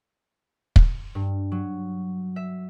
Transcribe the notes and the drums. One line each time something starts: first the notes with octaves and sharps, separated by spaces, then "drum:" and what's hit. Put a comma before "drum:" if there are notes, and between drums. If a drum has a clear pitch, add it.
drum: kick
G2
F#3
E5